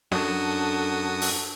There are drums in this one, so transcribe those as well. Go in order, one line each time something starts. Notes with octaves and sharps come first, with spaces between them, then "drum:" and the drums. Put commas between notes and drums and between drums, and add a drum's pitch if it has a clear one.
F#2 D4 F#4 A4 D#6, drum: snare
drum: open hi-hat